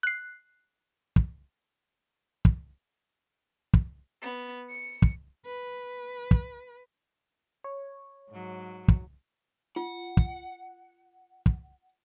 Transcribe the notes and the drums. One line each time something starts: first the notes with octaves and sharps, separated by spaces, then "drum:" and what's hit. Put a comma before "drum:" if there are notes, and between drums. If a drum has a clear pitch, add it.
F#6 C7
drum: kick
drum: kick
drum: kick
B3
C#7
drum: kick
B4
drum: kick
C#5
G#2 F#3
drum: kick
F4 F#5
drum: kick
drum: kick